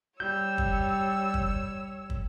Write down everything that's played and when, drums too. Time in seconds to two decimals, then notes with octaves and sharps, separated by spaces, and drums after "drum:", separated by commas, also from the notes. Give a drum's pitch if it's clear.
0.20 G3 C#5 E6 G6
0.58 drum: kick
1.34 drum: kick
2.10 drum: kick